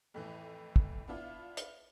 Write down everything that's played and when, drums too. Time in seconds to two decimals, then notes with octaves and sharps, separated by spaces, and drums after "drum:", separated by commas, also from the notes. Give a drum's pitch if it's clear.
0.14 F2 A2 E3
0.76 drum: kick
1.07 B3 D4 E4 F4
1.57 drum: hi-hat